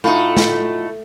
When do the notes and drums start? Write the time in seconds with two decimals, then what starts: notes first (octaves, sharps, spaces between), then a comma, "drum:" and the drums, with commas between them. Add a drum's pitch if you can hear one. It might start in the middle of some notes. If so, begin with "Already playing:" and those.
0.04 A2 A3 D#4 F4 F#4
0.37 drum: snare